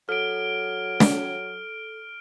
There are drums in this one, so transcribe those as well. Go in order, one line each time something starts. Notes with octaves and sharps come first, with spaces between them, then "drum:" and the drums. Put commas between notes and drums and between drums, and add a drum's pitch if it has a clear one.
F#3 A4 F6 D7
drum: snare